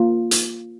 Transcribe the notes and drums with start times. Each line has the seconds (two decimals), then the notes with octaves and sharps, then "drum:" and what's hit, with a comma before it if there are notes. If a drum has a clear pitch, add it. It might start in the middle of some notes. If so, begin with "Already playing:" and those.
Already playing: A#3 F4
0.31 drum: hi-hat